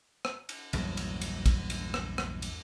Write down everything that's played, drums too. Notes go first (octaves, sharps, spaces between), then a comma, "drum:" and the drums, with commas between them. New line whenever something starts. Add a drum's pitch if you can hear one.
drum: rim click
drum: cymbal
A#1 E2 G2 F#3, drum: cymbal
drum: cymbal
drum: cymbal
drum: kick, cymbal
drum: cymbal
drum: rim click
drum: rim click
drum: cymbal